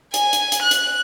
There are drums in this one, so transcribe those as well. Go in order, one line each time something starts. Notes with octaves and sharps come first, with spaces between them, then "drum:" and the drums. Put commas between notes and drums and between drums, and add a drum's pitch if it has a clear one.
G#5, drum: hi-hat
drum: hi-hat
drum: hi-hat
F#6
drum: hi-hat